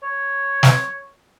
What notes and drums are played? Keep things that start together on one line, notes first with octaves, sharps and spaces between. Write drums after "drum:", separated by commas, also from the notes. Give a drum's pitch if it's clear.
C#5
drum: snare